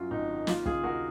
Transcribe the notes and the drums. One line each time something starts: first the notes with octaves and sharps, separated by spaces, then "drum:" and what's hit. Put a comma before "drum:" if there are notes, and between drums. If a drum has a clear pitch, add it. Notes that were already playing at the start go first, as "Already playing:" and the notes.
Already playing: F#2 F#3 F4
G#1 D#4
D#3
A#3 F4, drum: snare
C#3 F4 G#4, drum: kick
D#2 F#4 A#4